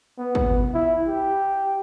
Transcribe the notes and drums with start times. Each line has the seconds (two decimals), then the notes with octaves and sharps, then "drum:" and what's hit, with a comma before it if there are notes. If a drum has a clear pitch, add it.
0.18 B3
0.35 drum: kick
0.59 drum: tom B2
0.74 E4
1.07 G4